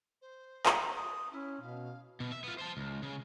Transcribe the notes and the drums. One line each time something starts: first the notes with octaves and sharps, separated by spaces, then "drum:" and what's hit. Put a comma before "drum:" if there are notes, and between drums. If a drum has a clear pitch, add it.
C5
drum: clap
D#6
C#4 E4
B2 F5
B2
E5
B3 F4
C5 A5
C#2
C#3